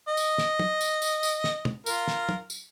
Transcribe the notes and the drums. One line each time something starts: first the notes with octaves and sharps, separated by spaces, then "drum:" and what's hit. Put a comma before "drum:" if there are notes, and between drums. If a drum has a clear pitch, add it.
D#5
drum: tambourine
drum: snare
drum: tom
drum: tambourine
drum: tambourine
drum: tambourine
drum: snare
drum: tom
F4 A#4, drum: tambourine
drum: snare
drum: tom
drum: tambourine